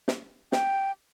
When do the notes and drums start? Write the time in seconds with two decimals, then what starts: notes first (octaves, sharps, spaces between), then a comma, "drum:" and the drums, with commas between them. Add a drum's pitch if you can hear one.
0.08 drum: snare
0.52 G5, drum: snare